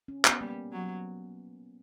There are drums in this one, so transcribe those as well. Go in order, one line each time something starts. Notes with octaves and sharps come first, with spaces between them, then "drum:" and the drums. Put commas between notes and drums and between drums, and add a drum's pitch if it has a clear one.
C#4
B3, drum: clap
G3 A#3
F#3